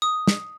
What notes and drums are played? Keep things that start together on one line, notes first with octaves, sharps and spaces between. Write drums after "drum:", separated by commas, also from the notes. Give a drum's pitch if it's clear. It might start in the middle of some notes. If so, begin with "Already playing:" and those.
D#6
drum: snare